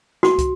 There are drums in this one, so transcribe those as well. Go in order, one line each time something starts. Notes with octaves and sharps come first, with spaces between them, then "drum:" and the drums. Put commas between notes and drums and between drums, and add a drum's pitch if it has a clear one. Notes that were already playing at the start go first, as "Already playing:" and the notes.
F#4, drum: snare
drum: kick, hi-hat